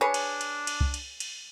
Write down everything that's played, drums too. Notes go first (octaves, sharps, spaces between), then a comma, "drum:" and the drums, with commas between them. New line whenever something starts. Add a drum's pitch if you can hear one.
D4 G#4 B4 C#5
drum: cymbal
drum: cymbal
drum: cymbal
drum: kick C2
drum: cymbal
drum: cymbal